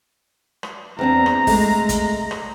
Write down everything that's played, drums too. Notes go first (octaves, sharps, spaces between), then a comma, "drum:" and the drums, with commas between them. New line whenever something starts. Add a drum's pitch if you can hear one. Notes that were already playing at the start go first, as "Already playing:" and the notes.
drum: rim click
E2 C4 D4 A#5
drum: rim click
G#3 A3, drum: kick, open hi-hat
drum: kick, hi-hat
drum: rim click